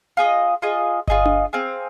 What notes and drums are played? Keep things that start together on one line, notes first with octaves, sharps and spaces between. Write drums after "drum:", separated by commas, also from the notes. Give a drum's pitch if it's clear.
F4 G#4 D#5
F4 G#4 D#5
F4 G#4 D#5, drum: kick G1
drum: tom D4
C4 G#4 F5